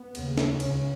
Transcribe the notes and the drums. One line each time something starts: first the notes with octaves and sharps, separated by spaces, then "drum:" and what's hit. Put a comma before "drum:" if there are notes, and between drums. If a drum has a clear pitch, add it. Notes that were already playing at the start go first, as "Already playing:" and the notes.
Already playing: B3
D#2 C#3, drum: cymbal
drum: snare
C#2 C#3 C#4, drum: cymbal